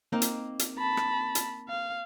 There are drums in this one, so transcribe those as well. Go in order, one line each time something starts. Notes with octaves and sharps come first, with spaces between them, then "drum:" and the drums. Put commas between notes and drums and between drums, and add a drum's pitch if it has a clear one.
A#3 C4 D#4
drum: hi-hat
drum: hi-hat
A5 B5
drum: rim click
drum: hi-hat
F5